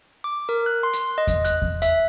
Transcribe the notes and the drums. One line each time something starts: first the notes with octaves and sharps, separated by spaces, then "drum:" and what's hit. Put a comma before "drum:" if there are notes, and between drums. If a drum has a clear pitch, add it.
D6
A#4
F#6
C6
drum: hi-hat
D#5
drum: kick E2, hi-hat
F#6, drum: hi-hat
drum: kick E2
E5, drum: hi-hat